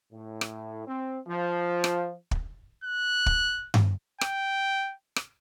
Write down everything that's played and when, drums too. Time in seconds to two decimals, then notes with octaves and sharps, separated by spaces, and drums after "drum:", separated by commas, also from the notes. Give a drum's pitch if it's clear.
0.12 A2
0.41 drum: rim click
0.87 C4
1.27 F3
1.84 drum: rim click
2.31 drum: kick
2.84 F#6
3.26 drum: kick
3.74 drum: tom G2
4.21 G5, drum: rim click
5.16 drum: rim click